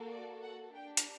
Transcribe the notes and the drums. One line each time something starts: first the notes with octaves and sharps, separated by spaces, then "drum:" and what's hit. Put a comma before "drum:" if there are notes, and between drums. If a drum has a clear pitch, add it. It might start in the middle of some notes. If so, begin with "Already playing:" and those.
Already playing: A#3 F#4 A4
D5
F#5
D4 G4 G5
drum: hi-hat